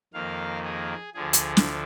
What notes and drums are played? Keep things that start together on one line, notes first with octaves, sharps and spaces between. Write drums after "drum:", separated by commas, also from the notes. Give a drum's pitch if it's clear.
F2 D#3 A#3 F5
G#4
D2 D3 F3 G#4
drum: hi-hat
drum: snare